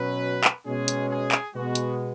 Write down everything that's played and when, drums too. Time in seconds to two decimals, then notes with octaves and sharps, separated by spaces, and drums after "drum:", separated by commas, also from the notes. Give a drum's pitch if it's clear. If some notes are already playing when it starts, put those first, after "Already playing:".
Already playing: B2 F#3 C#4 B4
0.44 drum: clap
0.66 B2 G#3 C#4 G#4
0.88 drum: hi-hat
1.10 G#4
1.32 drum: clap
1.53 B2 G#3 B3 F#4
1.75 drum: hi-hat